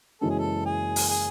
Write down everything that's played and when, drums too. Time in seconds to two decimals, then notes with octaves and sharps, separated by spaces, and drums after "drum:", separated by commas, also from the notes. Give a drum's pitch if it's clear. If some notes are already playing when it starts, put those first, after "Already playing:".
0.21 F#1 F#2 E3 G#3 C#4 A4
0.30 G#4
0.39 A4
0.66 G#4
0.96 drum: open hi-hat
1.09 G#4